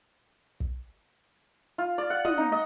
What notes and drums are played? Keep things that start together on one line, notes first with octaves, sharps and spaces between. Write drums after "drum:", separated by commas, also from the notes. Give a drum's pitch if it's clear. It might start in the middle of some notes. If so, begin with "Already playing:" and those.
drum: kick
F4
D5
F#5
D#5, drum: tom
D#4
D#5